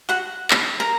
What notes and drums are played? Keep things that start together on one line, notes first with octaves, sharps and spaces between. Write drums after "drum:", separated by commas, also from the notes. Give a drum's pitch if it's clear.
F#4 F#5
drum: clap
A#4 A#5